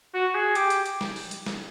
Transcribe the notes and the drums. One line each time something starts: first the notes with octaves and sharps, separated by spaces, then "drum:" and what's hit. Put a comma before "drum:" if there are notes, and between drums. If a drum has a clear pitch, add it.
F#4
G#4
G4, drum: hi-hat
drum: hi-hat
drum: hi-hat
drum: snare
drum: open hi-hat
drum: hi-hat
drum: snare